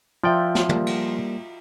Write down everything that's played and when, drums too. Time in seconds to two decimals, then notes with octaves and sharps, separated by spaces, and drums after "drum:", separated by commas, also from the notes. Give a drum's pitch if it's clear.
0.24 F3 F4 D5 E5 G5
0.55 drum: snare
0.69 G3 A#3, drum: tom
0.87 drum: cymbal